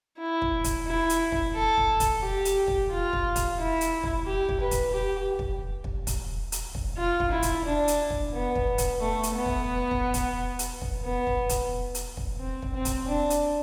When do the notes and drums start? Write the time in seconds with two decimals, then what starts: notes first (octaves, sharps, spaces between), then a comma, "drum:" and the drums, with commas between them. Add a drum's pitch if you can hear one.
0.19 E4
0.42 drum: kick
0.64 drum: kick, hi-hat
0.87 E4
1.10 drum: hi-hat
1.32 drum: kick
1.54 A4
1.77 drum: kick
2.00 drum: kick, hi-hat
2.22 G4
2.45 drum: hi-hat
2.68 drum: kick
2.91 F4
3.13 drum: kick
3.36 drum: kick, hi-hat
3.58 E4
3.81 drum: hi-hat
4.03 drum: kick
4.26 G4
4.49 drum: kick
4.60 B4
4.71 drum: kick, hi-hat
4.94 G4
5.39 drum: kick
5.84 drum: kick
6.07 drum: kick, hi-hat
6.52 drum: hi-hat
6.75 drum: kick
6.97 F4
7.20 drum: kick
7.31 E4
7.42 drum: kick, hi-hat
7.65 D4
7.88 drum: hi-hat
8.10 drum: kick
8.34 B3
8.56 drum: kick
8.78 drum: kick, hi-hat
9.01 A3
9.23 drum: hi-hat
9.35 B3
9.46 drum: kick
9.91 drum: kick
10.14 drum: kick, hi-hat
10.59 drum: hi-hat
10.82 drum: kick
11.04 B3
11.27 drum: kick
11.49 drum: kick, hi-hat
11.95 drum: hi-hat
12.17 drum: kick
12.40 C4
12.62 drum: kick
12.74 C4
12.85 drum: kick, hi-hat
13.08 D4
13.30 drum: hi-hat